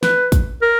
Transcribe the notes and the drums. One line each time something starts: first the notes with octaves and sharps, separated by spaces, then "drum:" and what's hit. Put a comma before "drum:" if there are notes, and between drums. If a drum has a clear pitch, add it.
B4, drum: snare
drum: kick, hi-hat
A#4